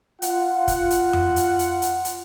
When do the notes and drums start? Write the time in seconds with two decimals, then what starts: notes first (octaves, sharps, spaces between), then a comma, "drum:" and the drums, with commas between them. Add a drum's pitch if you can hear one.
0.22 F4 F#5, drum: hi-hat
0.68 drum: kick, hi-hat
0.90 drum: hi-hat
1.13 drum: tom F2
1.36 drum: hi-hat
1.59 drum: hi-hat
1.82 drum: hi-hat
2.05 drum: hi-hat